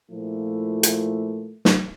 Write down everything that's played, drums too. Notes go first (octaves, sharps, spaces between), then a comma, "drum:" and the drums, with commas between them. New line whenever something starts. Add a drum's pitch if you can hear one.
A#2 F3 A3 E4
drum: hi-hat
drum: snare